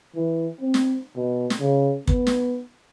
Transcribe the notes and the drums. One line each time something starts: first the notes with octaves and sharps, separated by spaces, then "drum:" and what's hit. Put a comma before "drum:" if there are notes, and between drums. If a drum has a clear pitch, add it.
E3
C4
drum: snare
B2
drum: snare
C#3
B3, drum: kick
drum: snare